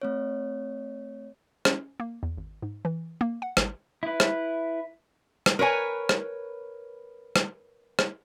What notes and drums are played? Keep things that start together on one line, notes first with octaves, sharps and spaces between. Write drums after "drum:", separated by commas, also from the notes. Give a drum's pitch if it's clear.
A3 C4 C#5
C#4, drum: rim click
A#3
E2
G#1
G#2
E3
A#3
F#5
G#1, drum: rim click
E4 B4
drum: rim click
drum: rim click
A#4 B4 C#5 G#5
drum: rim click
drum: rim click
drum: rim click